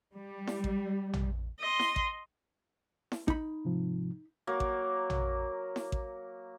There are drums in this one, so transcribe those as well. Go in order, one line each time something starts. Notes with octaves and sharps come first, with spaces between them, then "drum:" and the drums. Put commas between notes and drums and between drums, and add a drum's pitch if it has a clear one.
G3
drum: snare E4
drum: kick A1
drum: tom
D#5 C6
drum: snare E4
drum: kick A1
drum: snare E4
D#4 B5, drum: kick A1
G#2 C3 F3
F#3 A#3
drum: kick A1
drum: tom
drum: snare E4
drum: kick A1